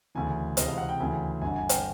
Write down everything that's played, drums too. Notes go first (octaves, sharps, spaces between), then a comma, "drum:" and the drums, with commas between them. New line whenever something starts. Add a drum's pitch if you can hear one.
D2 C#3 E3 G#5
C#2 C3 E3 D#5, drum: hi-hat
F5
F#5
G5
D2 C#3 E3 G#5
G1 G2 D3 G#5
G#5
G5, drum: hi-hat